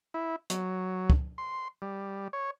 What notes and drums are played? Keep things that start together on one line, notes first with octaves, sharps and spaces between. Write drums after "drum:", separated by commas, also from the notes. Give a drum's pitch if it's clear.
E4
F#3, drum: hi-hat
drum: kick
C6
G3
C#5